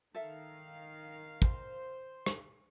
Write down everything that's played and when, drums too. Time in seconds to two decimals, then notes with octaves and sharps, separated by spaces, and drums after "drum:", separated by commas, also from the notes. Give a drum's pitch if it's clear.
0.14 D#3 A4 E5 F5
1.42 C5, drum: kick
2.26 drum: rim click